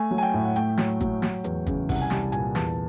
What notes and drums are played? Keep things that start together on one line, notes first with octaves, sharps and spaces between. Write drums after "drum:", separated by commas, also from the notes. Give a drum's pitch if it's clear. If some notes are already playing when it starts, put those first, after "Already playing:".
Already playing: A3 G#5
F#3
G#5
G5
A2
F#5
A3 G5, drum: hi-hat
F#3, drum: snare
F#3, drum: kick, hi-hat
F#3, drum: snare
E2, drum: hi-hat
C#3, drum: kick, hi-hat
C2 F#5, drum: kick, open hi-hat
G#5
G3 A5, drum: snare
A#2 G#5, drum: hi-hat
E2 A5, drum: snare